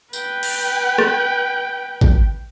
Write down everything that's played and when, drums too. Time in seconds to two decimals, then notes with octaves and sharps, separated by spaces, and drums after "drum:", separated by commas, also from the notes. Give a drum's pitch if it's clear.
0.13 B4 G5, drum: tambourine
0.43 drum: cymbal
0.98 drum: rim click
2.01 drum: kick G#1